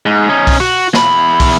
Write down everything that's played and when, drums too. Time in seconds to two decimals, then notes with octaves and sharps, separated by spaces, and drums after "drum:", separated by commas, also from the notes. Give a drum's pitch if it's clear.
0.06 G#2
0.29 C#4 D#4
0.47 drum: kick, open hi-hat
0.60 F#4
0.94 E2 B5, drum: snare
1.40 drum: kick, open hi-hat